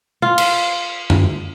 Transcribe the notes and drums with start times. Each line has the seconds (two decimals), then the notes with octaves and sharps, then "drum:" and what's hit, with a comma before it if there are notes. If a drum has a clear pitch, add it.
0.22 F4
0.38 drum: cymbal
1.10 drum: tom F#2